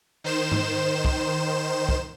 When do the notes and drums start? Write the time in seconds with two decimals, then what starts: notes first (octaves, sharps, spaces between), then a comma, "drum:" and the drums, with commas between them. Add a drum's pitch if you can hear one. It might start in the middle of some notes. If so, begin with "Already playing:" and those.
0.24 D#3 C5 E7
0.52 drum: tom G#2
1.05 drum: kick
1.89 drum: kick